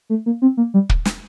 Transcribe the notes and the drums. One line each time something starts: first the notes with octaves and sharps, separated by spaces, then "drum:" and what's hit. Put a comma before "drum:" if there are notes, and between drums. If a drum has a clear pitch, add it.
A3
A#3
C4
A#3
G3
drum: kick
drum: snare